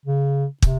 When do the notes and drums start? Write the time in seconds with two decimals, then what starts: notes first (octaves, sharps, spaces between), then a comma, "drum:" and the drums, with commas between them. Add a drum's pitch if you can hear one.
0.06 C#3
0.62 C3, drum: kick